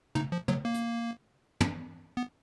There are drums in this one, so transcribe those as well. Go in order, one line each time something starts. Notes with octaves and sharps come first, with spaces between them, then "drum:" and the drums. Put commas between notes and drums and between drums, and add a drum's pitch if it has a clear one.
D#4, drum: tom
F3
F#3, drum: tom
A#3
drum: hi-hat
drum: tom
B3